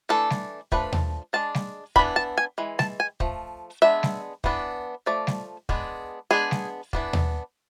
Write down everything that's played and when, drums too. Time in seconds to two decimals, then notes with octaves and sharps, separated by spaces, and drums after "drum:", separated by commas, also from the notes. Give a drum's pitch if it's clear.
0.09 E3 A3 D4 A4
0.30 drum: snare G3
0.72 F3 A3 D4 B4, drum: kick
0.92 drum: tom D#2
1.33 G#3 D4 A5
1.55 drum: snare G3
1.96 E3 B3 D4 B5, drum: kick
2.16 A5
2.38 G#5
2.58 E3 G#3
2.79 A5, drum: snare G3
3.00 G#5
3.20 F3 A3, drum: kick
3.82 G#3 B3 D4 E5
4.03 drum: snare G3
4.44 E3 B3 D4, drum: kick
5.06 F3 A3 D5
5.27 drum: snare G3
5.69 G#3 B3 D4, drum: kick
6.31 G#3 B3 D4 G#4
6.51 drum: snare G3
6.93 E3 B3 D4, drum: kick
7.13 drum: tom D#2